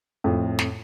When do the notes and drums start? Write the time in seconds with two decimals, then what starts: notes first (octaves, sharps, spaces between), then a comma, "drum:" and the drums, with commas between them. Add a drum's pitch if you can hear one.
0.24 F2 A2
0.59 drum: snare